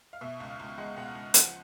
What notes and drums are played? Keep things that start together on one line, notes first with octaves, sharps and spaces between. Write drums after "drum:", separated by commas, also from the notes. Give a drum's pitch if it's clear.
F5
B2 E5
C#2
F5
C#2
G#3 F#5
B2 F#5
F5
C#2
F3 F#5, drum: hi-hat